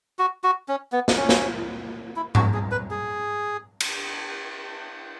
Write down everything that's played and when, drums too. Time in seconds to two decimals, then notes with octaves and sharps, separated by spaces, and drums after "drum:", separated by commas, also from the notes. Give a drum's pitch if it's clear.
0.19 F#4
0.44 F#4
0.68 C#4
0.92 B3
1.08 drum: snare
1.17 C#4
1.29 drum: snare
2.16 E4
2.35 F#4, drum: tom G#2
2.53 G#4
2.71 B4
2.90 G#4
3.80 drum: cymbal